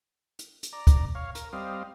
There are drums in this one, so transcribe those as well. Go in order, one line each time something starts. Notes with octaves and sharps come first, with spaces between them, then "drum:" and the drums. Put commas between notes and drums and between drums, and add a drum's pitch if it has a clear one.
drum: hi-hat
drum: hi-hat
D5 A#5
drum: kick, hi-hat
C#5 F5
A#4, drum: hi-hat
G3 C4 D#5 F5